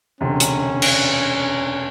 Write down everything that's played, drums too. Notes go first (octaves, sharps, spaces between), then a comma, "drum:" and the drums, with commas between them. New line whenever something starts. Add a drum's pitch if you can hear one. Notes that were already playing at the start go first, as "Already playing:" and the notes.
E1 D2 C3 C#4
drum: hi-hat
drum: cymbal